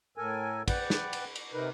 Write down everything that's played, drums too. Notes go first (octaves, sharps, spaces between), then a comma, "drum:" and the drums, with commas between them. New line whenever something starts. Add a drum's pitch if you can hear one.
A2 A4 A#4 G#5
B4 D5 F#5 G5, drum: kick, cymbal
drum: snare
drum: cymbal
drum: cymbal
C3 D#4 A#4 B4